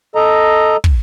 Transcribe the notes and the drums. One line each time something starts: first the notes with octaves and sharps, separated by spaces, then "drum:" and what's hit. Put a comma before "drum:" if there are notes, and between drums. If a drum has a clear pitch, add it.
A4 D#5 A#5
drum: kick